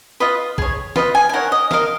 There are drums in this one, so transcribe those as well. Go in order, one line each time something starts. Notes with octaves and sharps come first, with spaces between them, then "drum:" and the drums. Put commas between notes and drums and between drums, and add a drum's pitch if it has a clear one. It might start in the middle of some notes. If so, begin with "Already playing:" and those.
F4 B4 D#5
G#4 C#5, drum: kick B1
F4 B4 D#5, drum: snare
G#5
G#5
D#4 A#4 C#5 F#5
D#5
D#4 A#4 D#5 F5, drum: snare